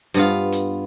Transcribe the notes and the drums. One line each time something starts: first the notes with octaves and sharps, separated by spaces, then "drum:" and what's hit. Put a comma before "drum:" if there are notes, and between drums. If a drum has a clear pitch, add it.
G2 B3 F4, drum: hi-hat
drum: hi-hat